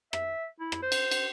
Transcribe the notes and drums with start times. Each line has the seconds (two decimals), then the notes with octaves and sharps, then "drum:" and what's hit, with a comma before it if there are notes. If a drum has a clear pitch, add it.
0.13 E5, drum: rim click
0.60 E4
0.72 drum: rim click
0.82 C5
0.92 drum: cymbal
1.11 drum: cymbal